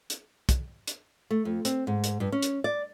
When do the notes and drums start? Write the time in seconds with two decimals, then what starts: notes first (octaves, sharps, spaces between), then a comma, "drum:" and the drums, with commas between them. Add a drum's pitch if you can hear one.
0.10 drum: hi-hat
0.49 drum: kick, hi-hat
0.87 drum: hi-hat
1.31 A3
1.45 F2
1.65 C4, drum: hi-hat
1.87 G#2
2.04 drum: hi-hat
2.20 G2
2.32 C#4
2.42 drum: hi-hat
2.64 D5